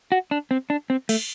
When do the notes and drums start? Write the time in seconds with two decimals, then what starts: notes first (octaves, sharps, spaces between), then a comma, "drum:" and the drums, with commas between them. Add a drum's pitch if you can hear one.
0.12 F#4
0.31 D4
0.51 C4
0.70 D4
0.90 C4
1.09 A3, drum: cymbal